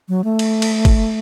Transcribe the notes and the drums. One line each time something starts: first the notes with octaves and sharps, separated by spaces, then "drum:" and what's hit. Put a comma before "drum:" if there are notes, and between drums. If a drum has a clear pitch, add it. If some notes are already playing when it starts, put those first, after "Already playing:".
F#3
A3
drum: cymbal
drum: cymbal
drum: kick, cymbal